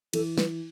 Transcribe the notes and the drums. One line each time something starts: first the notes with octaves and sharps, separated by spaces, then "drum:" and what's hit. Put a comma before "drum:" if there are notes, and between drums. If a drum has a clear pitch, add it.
E3 A4, drum: cymbal
B4, drum: snare